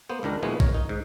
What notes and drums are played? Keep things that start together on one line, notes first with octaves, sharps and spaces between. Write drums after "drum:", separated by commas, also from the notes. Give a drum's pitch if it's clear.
A#3 B3 C5
C#2 D#3 D4 A#4
D2 A#2 E3 F3 G#3 B3
A#4 C#5, drum: kick
D#4
G#2